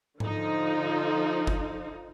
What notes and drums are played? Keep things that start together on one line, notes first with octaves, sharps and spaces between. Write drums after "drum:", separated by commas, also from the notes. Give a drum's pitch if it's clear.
D3 F3 D#4, drum: tom G#2
drum: kick G1